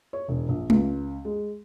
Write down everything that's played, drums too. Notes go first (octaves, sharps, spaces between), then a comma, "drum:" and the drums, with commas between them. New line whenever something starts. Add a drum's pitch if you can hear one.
C#5
E1
A#1
C#2, drum: tom G#3
G#3